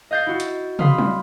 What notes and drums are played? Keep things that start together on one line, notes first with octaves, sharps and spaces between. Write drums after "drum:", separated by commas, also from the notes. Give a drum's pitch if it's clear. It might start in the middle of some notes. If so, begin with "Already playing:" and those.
D#5 F5 G6 A6 C7
E4 F#4
drum: hi-hat
F5 B5 C6 D#6 F6, drum: tom
drum: tom F#3